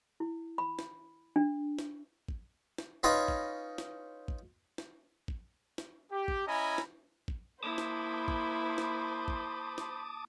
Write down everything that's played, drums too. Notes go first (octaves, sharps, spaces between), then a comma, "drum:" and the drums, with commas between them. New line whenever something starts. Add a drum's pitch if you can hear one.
E4
B5
drum: snare
D4
drum: snare
drum: kick
drum: snare
C#4 D#4 F4 B4 C#5 D#5
drum: kick
drum: snare
drum: kick
drum: snare
drum: kick
drum: snare
G4
drum: kick
C#4 E4 D#5 G#5 A#5 B5
drum: snare
drum: kick
A#3 E4 C5 A5 B5 D6 D#6
drum: snare
drum: kick
drum: snare
drum: kick
drum: snare